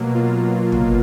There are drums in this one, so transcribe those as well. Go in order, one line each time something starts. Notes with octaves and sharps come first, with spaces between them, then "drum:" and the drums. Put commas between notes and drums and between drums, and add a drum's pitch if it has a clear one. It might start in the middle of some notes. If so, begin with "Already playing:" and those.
Already playing: B2 F#3 A#3
F4
drum: tom